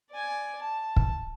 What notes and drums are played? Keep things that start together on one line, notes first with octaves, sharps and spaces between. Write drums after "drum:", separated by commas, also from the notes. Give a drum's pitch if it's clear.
D5 G#5
A5
drum: kick